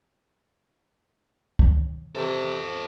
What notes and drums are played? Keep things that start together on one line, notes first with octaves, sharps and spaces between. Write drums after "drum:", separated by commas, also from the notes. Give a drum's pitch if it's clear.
drum: kick C#2
C3 A4 C5